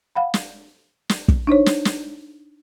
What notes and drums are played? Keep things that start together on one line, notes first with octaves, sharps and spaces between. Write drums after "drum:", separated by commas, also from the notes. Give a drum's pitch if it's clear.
F5 F#5 B5
drum: snare
drum: snare
drum: kick
D4 D#4 C5 C#5
drum: snare
drum: snare